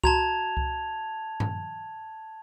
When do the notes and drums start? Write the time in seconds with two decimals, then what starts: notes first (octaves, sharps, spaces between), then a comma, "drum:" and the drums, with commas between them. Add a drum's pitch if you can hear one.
0.04 F#4 A5 A#5 G#6 F7, drum: kick C2
0.57 drum: kick C2
1.40 drum: tom G2